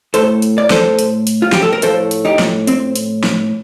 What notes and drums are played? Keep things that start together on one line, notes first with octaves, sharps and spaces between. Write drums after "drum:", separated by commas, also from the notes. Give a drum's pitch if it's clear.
A2 A3 A4 C5, drum: hi-hat
drum: hi-hat
D5
A4 C5, drum: snare
drum: hi-hat
drum: hi-hat
F4
G4, drum: snare
A4
A#4
A2 F3 A3 A4 C5, drum: hi-hat
drum: hi-hat
D#4 G4
drum: snare
C4, drum: hi-hat
drum: hi-hat
drum: snare